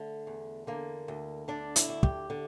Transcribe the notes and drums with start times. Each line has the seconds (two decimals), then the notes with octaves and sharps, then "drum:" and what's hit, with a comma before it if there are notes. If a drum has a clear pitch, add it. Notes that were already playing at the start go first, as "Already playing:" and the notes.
Already playing: D3 A3
0.27 E2
0.67 D3 A#3
1.08 D2
1.48 D3 D4
1.76 E4, drum: hi-hat
1.89 D2
2.03 G4, drum: kick
2.30 D3